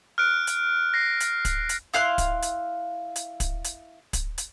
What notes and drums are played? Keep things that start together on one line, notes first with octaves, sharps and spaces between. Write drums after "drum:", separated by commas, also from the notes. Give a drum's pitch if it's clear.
F6 F#6 D7
drum: hi-hat
A#6 C7
drum: hi-hat
drum: kick, hi-hat
drum: hi-hat
E4 F5 C6 F#6
drum: kick, hi-hat
drum: hi-hat
drum: hi-hat
drum: kick, hi-hat
drum: hi-hat
drum: kick, hi-hat
drum: hi-hat